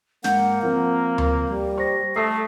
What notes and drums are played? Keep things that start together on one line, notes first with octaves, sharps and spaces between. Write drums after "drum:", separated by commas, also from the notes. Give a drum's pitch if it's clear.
G#2 A#3 F#5 G6, drum: snare
F3 C4 A#4
drum: tom D2
G3
C5 C#6 A#6
A3 A4 D#6 E6 A#6 C7